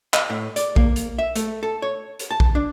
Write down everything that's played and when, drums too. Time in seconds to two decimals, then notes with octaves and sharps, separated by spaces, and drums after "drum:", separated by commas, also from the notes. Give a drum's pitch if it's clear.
0.14 D#5, drum: clap
0.30 A2
0.56 D5, drum: hi-hat
0.76 A#3, drum: kick A#1
0.96 drum: hi-hat
1.19 E5
1.36 A3, drum: hi-hat
1.63 A4
1.82 C#5
2.19 drum: hi-hat
2.31 A5
2.40 drum: kick A#1
2.55 D4